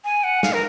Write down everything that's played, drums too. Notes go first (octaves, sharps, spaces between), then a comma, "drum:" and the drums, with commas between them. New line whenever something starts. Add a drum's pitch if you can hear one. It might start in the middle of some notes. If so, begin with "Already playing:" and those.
G#5
F#5
F5, drum: snare
A#4